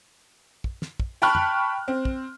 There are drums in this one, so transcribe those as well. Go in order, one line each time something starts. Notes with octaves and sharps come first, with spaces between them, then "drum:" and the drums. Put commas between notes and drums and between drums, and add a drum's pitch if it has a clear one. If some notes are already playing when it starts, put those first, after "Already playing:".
drum: kick
drum: snare
drum: kick
G5 A5 B5 C#6 F6 F#6
drum: tom
C4
drum: kick